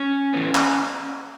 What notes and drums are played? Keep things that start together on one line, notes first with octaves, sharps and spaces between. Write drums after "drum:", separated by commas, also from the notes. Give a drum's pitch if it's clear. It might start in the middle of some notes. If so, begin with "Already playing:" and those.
Already playing: C#4
E3 B3
drum: clap